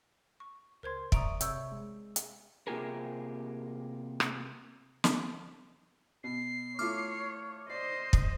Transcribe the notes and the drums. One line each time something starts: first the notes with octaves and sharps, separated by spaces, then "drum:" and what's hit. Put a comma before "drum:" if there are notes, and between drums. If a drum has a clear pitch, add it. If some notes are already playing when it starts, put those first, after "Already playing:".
C#6
C#2 A#4 C5 C6 G#6
D5 E5 A#5 C#6 D#6 D7, drum: kick
C3 C#5 E5 C#6 E6 G6, drum: hi-hat
G#3
drum: hi-hat
C3 A#3 F4 G4 G#4 A#4
drum: rim click
drum: snare
B2 C7
A3 E4 F4 C#5 D6 F6
C5 D5 D#5 C7
drum: kick